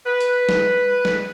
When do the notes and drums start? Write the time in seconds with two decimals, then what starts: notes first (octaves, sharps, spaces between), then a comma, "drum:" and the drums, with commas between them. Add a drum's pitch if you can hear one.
0.06 B4
0.20 drum: hi-hat
0.49 drum: snare
1.05 drum: snare